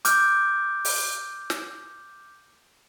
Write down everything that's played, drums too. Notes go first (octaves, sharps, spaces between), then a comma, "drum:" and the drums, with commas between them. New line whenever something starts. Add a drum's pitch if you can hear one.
D6 F6 G6, drum: hi-hat
drum: open hi-hat
drum: snare